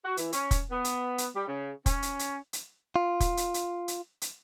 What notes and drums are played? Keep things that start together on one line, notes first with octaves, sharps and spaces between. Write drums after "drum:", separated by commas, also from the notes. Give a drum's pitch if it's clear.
F#4
E3, drum: hi-hat
C#4, drum: hi-hat
drum: kick, hi-hat
B3
drum: hi-hat
drum: hi-hat
G3
C#3
C#4, drum: kick, hi-hat
drum: hi-hat
drum: hi-hat
drum: hi-hat
F4
drum: kick, hi-hat
drum: hi-hat
drum: hi-hat
drum: hi-hat
drum: hi-hat